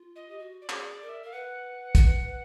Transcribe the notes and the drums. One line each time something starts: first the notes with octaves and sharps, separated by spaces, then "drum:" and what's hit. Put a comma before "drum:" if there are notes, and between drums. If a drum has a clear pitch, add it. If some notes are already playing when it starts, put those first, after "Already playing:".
Already playing: F4
D#5
G4
F#4
D5
G#4, drum: clap
D5
A#4
E5
A#4 F5
B4 F#5
drum: kick, hi-hat